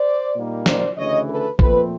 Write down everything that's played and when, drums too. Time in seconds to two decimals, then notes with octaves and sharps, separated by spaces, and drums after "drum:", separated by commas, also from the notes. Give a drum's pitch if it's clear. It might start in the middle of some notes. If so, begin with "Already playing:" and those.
Already playing: C5 D5
0.35 A#2 G3 A#3 D#4
0.66 C5 D5, drum: snare
0.97 D2 C#3 E3 C#5 D#5
1.28 A4 B4
1.59 A#2 F3 A3 C4 A4 B4, drum: kick